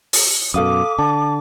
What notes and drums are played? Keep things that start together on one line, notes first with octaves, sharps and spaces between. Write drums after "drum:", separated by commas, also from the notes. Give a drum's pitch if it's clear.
drum: open hi-hat
F#2 B2 A4 F5 D6 D#6
D3 A5